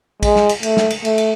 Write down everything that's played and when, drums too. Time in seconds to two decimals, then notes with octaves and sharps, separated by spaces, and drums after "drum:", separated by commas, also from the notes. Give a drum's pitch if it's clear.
0.22 G#3, drum: kick A#1, cymbal
0.36 drum: snare
0.49 drum: cymbal
0.63 A3, drum: cymbal
0.77 drum: snare
0.90 drum: cymbal
1.05 A3, drum: cymbal
1.18 drum: cymbal